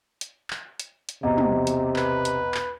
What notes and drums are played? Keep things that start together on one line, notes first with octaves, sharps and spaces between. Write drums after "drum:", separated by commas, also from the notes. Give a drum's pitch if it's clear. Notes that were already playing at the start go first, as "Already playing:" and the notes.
drum: hi-hat
drum: clap
drum: hi-hat
drum: hi-hat
B1 E2 C3 D#5 A#5
drum: tom
drum: hi-hat
B4, drum: clap
drum: hi-hat
drum: clap